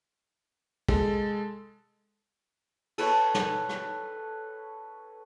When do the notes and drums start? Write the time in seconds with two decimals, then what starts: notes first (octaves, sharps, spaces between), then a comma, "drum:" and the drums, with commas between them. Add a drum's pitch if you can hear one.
0.89 G#3 A4 A5, drum: kick
2.98 A4 B4 C#5 A5, drum: cymbal
3.34 drum: snare
3.69 drum: rim click